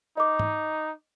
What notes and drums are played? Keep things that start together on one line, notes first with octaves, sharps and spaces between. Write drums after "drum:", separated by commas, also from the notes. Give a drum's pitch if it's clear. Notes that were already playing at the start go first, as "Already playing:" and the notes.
D#4 D#5 D6
drum: tom G#2